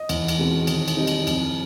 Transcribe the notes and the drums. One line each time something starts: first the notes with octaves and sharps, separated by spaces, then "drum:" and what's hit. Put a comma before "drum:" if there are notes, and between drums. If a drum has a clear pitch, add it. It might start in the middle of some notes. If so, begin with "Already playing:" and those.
Already playing: D#5
E2, drum: cymbal
drum: cymbal
B2 G#3 C4
D#3, drum: cymbal
drum: cymbal
G3 C4 D#4
drum: cymbal
F2, drum: cymbal